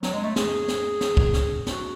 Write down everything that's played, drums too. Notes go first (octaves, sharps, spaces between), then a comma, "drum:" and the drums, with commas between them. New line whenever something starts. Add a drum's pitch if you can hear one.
F#3, drum: snare
G#3
A3
G#4, drum: snare
drum: snare
drum: snare
drum: kick
drum: snare
F#4, drum: snare